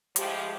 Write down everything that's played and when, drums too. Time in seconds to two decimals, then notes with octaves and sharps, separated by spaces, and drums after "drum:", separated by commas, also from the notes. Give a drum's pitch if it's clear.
0.16 A2 F3 G#3 G4, drum: hi-hat